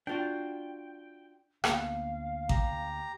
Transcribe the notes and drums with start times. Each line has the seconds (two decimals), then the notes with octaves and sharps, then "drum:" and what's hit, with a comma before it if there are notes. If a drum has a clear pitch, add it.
0.07 D4 F4 F#4 G5
1.64 D2 A#3 B3 F5, drum: rim click
2.49 G4 A#5, drum: kick A1